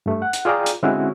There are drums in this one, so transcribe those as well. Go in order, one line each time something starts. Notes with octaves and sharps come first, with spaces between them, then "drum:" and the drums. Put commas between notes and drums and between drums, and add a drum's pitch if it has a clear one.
G2 A3
F#5
drum: hi-hat
F4 G#4 D5 G5 A#5
drum: hi-hat
D3 G#3 C4 C#4 E4 F#4